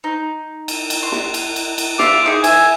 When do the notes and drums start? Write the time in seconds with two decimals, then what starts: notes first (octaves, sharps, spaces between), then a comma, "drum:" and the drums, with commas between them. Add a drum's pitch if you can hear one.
0.04 D#4
0.68 drum: cymbal
0.90 drum: cymbal
1.02 C6
1.12 drum: snare
1.34 drum: cymbal
1.56 drum: cymbal
1.78 drum: cymbal
1.99 F4 E5 F5 D6, drum: snare
2.26 D#4 G#4
2.44 E5 G#5, drum: cymbal